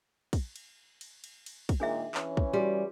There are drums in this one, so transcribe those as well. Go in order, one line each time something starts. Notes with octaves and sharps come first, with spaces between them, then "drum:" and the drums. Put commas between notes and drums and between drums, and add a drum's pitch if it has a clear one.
drum: kick, cymbal
drum: cymbal
drum: cymbal
drum: cymbal
drum: cymbal
drum: kick, cymbal
A#2 D#3 G#3 D4 G#4 E5
E3 C#4, drum: clap
drum: kick
G3 F#4